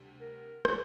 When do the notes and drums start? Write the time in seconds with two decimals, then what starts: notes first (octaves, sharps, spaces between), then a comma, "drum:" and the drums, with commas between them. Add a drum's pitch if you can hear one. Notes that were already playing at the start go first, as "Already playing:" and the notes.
Already playing: D2 C3 G3
0.21 A#4
0.65 C3 D#3, drum: rim click